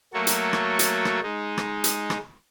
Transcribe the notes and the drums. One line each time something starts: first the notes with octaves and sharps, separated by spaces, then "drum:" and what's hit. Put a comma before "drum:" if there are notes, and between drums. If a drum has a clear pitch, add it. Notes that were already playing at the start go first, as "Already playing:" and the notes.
F#3 A3 A#3 F#4 A4 C#5
drum: hi-hat
drum: rim click
drum: hi-hat
drum: rim click
G#3 D#4
drum: rim click
drum: hi-hat
drum: rim click